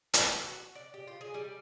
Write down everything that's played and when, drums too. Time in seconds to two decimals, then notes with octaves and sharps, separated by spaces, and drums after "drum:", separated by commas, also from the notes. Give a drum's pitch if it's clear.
0.14 E3, drum: hi-hat
0.39 F#4
0.75 D5
0.94 G4
1.07 F4
1.21 G#4
1.34 G3